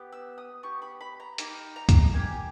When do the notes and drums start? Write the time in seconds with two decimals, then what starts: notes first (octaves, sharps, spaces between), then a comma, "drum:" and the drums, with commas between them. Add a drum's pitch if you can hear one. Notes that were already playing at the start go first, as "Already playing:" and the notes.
Already playing: B3 G4
0.12 E6
0.38 D#6
0.63 B3 G4 C#6
0.82 B5
1.01 B5
1.20 A#5
1.38 A#3 D#4 G4 A#5, drum: hi-hat
1.76 A#5
1.89 drum: kick C#2, hi-hat
2.13 A#3 D#4 G4 G#5